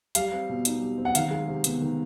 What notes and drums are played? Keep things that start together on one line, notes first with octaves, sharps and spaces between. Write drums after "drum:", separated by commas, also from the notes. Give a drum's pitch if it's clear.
G3 F5, drum: hi-hat
C4
B2
D#4, drum: hi-hat
G3
C4
F#5
D#3 F5, drum: hi-hat
G#3
C3
B3, drum: hi-hat
D#3